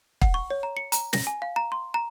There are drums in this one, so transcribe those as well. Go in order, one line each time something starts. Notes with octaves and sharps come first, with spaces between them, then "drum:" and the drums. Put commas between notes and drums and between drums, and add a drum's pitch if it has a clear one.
F#5, drum: kick
C#6
C#5
A#5
C#7
A#5, drum: hi-hat
A#6, drum: snare
G#5
F5
A#5
C6
A#5